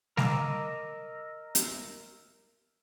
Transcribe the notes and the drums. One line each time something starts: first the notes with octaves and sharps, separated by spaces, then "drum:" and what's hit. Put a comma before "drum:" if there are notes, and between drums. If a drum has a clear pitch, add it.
A#4 D#5 A#5 D6 E6, drum: snare G3
drum: hi-hat